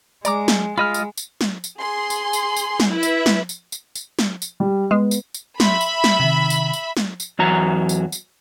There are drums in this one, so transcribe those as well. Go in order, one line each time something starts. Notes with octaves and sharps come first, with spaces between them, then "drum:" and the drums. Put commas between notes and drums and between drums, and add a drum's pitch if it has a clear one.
G#3 D5 A#5 D6, drum: tambourine
drum: snare
G#3 F4 D#5 B5 F6
drum: tambourine
drum: tambourine
drum: snare
drum: tambourine
G#4 C6
drum: tambourine
drum: tambourine
drum: tambourine
drum: snare
E4 B4 E5
drum: tambourine
drum: snare
drum: tambourine
drum: tambourine
drum: tambourine
drum: snare
drum: tambourine
G3
G#3 B3
drum: tambourine
drum: tambourine
E5 B5 C6, drum: snare
drum: tambourine
drum: snare
C3 D#3
drum: tambourine
drum: tambourine
drum: snare
drum: tambourine
E2 F#3 A#5
drum: tambourine
drum: tambourine